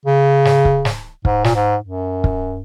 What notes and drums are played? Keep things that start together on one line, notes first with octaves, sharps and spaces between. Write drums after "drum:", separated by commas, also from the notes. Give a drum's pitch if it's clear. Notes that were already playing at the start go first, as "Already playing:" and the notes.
C#3
drum: snare
drum: kick
drum: snare
G#2, drum: kick
A#2, drum: snare
G#2
F#2
drum: kick